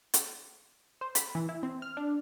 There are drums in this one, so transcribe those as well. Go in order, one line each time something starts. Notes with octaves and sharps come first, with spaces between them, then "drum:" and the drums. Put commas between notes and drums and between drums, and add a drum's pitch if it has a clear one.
drum: hi-hat
C5
B5, drum: hi-hat
E3
E4
C4
F6
D4